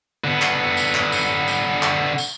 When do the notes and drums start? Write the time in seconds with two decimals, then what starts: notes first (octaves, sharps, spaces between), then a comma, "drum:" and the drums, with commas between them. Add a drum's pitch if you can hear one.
0.24 D3 B3
0.42 drum: clap
0.77 drum: tambourine
0.95 drum: clap
1.12 drum: tambourine
1.48 drum: tambourine
1.83 drum: clap
2.18 drum: tambourine